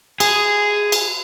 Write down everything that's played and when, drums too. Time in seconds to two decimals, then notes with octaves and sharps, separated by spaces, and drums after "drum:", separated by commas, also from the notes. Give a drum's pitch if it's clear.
0.20 G#4, drum: cymbal
0.92 drum: cymbal